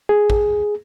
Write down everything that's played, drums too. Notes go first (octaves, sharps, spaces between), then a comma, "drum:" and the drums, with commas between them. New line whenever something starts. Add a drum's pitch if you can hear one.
G#4
drum: kick A1